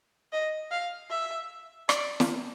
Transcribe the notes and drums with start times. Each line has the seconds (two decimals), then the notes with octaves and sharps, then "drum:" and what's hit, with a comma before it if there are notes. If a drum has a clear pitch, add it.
0.32 D#5
0.71 F5
1.10 E5
1.89 D5, drum: rim click
2.20 drum: snare